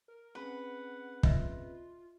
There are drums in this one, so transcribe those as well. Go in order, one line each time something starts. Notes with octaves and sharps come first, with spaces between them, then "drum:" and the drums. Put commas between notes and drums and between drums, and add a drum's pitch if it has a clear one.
A#4
C4 C#4 G#4 B4 F#5
F4 D#5 E5, drum: kick